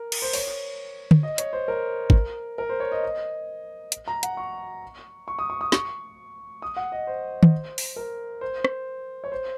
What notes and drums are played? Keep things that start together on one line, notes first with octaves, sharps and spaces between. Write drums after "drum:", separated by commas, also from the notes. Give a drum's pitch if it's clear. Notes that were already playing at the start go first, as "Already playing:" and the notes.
Already playing: A#4
drum: cymbal
C5
C#5, drum: open hi-hat
drum: tom D3
D#5
C#5, drum: hi-hat
C5
A#4
drum: kick
A#4
C5
C#5
D#5
D#5
drum: hi-hat
A#5
F#5, drum: hi-hat
C#6
C#6
D#6
C#6
D#6
C#6, drum: snare
D#6
F#5
D#5
C5
drum: tom D#3
drum: open hi-hat
A#4
C5
drum: rim click
C#5
C5